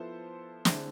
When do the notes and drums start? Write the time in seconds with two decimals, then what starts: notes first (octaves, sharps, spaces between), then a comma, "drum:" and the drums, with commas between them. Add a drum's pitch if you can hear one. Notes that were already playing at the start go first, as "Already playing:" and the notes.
Already playing: F3 B3 E4 A4 C5
0.65 D3 A3 C4 E4 G#4, drum: snare